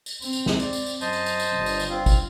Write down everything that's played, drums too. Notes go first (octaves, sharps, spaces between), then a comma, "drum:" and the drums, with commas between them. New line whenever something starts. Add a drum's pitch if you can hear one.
drum: tambourine
C4, drum: tambourine
drum: tambourine
drum: snare
D5, drum: tambourine
drum: tambourine
drum: tambourine
F#2 C5 D#5 A5, drum: tambourine
drum: tambourine
drum: tambourine
drum: tambourine
G1
drum: tambourine
drum: tambourine
C4 F4
drum: kick, tambourine